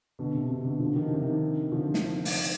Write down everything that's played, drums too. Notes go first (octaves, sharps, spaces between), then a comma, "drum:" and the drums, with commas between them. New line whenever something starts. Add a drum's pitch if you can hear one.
B2 D3
C3
C3
B2 D3
D3 F3
D#3
D3
C3 D#3
D3 F3
drum: snare
drum: open hi-hat